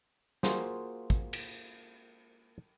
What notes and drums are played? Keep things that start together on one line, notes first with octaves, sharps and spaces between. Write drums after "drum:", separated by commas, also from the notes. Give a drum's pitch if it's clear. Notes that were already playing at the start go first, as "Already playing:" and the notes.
A#3 F4 F#4 G#4 C5, drum: snare
drum: kick
drum: cymbal